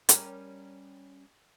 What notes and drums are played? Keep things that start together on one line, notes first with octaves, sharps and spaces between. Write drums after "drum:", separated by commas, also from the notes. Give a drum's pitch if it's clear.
G3 C#4 A#4, drum: hi-hat